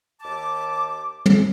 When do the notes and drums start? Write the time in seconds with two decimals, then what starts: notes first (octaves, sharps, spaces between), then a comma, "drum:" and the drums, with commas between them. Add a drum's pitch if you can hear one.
0.21 D#2 A5 D6
1.26 drum: tom